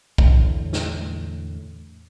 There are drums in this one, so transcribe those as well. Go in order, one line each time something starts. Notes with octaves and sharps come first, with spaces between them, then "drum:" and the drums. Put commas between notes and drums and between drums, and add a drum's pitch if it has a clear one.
E2 A2 D3, drum: kick
drum: snare